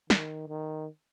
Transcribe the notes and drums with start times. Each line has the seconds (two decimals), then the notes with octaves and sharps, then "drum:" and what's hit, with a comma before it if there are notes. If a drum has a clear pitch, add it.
0.10 D#3, drum: snare
0.48 D#3